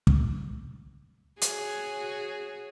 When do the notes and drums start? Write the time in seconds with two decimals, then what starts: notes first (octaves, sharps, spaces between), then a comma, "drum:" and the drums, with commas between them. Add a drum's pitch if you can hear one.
0.07 drum: kick
1.41 F#4 G#4 C#5, drum: hi-hat